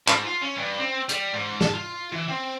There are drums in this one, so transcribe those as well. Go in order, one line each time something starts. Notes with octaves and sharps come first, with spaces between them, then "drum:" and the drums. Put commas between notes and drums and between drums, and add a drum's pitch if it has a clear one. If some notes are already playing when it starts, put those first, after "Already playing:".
G#2, drum: clap
F4
C#4
G2
C4
G3, drum: hi-hat
G#2
A5, drum: snare
F4
E3
C4